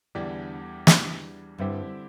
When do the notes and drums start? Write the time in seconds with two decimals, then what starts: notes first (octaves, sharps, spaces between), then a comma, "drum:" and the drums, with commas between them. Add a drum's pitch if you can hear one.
0.15 E2 D3 E3 G3 D4 G4
0.87 E3 G3 D4, drum: snare
1.58 G2 D3 C4 E4 G4